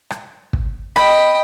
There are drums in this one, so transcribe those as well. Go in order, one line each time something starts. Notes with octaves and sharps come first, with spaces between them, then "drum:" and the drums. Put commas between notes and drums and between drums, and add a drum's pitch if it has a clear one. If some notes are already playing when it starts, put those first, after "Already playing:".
drum: rim click
drum: kick
D#5 G5 B5, drum: rim click